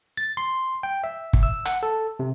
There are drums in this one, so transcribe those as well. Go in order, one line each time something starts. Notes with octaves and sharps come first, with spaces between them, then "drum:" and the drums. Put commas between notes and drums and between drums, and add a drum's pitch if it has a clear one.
A6
C6
G5
E5
drum: kick
E6
F#5, drum: hi-hat
A4
C3